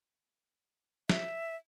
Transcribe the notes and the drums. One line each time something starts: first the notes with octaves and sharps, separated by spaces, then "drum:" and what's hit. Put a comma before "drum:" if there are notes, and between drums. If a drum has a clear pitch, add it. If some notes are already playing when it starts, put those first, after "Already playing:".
E5, drum: snare